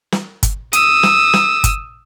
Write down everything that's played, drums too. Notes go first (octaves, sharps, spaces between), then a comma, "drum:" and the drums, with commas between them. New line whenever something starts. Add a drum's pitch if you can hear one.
drum: snare
drum: kick G1, hi-hat
D#6 E6, drum: hi-hat
drum: snare
drum: snare
drum: kick G1, hi-hat